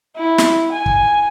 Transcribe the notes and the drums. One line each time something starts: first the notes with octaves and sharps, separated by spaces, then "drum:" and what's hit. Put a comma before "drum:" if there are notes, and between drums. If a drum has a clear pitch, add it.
E4
drum: snare
G#5
drum: kick